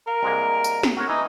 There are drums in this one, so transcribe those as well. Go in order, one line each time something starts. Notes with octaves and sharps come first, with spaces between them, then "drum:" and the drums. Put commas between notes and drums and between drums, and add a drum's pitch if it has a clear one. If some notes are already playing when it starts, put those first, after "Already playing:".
A#4 F5
C2 G#3 A#3
drum: tambourine
drum: snare
F#4 A#4 C#5
E3 D#4